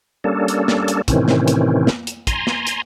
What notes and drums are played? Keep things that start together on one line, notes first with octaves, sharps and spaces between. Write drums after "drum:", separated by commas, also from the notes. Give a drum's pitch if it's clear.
G3 A#3 C#4 D4 A4
drum: hi-hat
drum: snare
drum: hi-hat
A2 C3 D#3 E3 C4 C#4, drum: kick, hi-hat
drum: snare
drum: hi-hat
drum: snare
drum: hi-hat
G#5 A#5 C6, drum: kick, hi-hat
drum: snare
drum: hi-hat